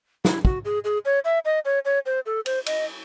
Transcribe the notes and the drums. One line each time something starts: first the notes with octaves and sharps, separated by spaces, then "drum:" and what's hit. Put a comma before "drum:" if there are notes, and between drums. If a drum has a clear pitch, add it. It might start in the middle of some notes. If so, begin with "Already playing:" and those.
E4, drum: snare
F#4, drum: kick
G#4
G#4
C#5
E5
D#5
C#5
C#5
C5
A4
C5, drum: cymbal
D#5, drum: cymbal